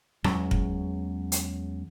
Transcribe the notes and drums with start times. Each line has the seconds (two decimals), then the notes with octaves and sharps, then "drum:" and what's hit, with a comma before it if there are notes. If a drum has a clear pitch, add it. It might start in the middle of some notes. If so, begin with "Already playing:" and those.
0.24 E2 F#3 G#3 C#4, drum: rim click
0.51 drum: kick
1.32 drum: hi-hat